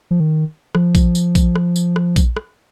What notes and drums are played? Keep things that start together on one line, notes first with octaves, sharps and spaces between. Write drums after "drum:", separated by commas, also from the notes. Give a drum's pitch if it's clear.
F3
D#3
F3, drum: rim click
drum: kick A#1, tambourine
drum: tambourine
drum: kick A#1, tambourine
drum: rim click
drum: tambourine
drum: rim click
drum: kick A#1, tambourine
drum: rim click